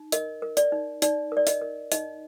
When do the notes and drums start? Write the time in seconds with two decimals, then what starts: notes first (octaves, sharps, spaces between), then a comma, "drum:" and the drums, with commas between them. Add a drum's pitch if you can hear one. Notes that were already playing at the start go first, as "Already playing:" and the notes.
Already playing: D#4
0.12 A#4 D#5, drum: hi-hat
0.42 A#4
0.57 D5, drum: hi-hat
0.72 D#4
1.02 D#4 D5, drum: hi-hat
1.32 A#4 D5
1.47 D#5, drum: hi-hat
1.62 A#4
1.92 D#4 D#5, drum: hi-hat